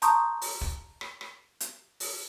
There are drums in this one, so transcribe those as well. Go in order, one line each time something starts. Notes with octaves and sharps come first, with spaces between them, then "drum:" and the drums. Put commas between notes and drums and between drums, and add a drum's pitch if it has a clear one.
A5 A#5 C6 C#6 D#6 G6, drum: hi-hat
drum: open hi-hat
drum: kick
drum: rim click
drum: rim click
drum: hi-hat
drum: open hi-hat